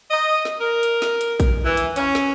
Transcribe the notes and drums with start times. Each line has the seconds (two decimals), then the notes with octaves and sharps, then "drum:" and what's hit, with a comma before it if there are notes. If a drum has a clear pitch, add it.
0.11 D#5
0.45 drum: snare
0.60 A#4
0.83 drum: hi-hat
1.02 drum: snare
1.21 drum: hi-hat
1.40 drum: kick, hi-hat
1.65 E3
1.77 drum: hi-hat
1.96 C#4, drum: hi-hat
2.15 drum: snare